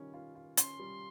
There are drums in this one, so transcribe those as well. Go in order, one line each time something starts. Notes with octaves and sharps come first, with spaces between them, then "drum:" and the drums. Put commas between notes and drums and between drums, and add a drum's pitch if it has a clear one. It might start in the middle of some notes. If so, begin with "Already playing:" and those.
Already playing: D#3 G3 C#4 F4
F4
F4
C#4 C6, drum: hi-hat
G3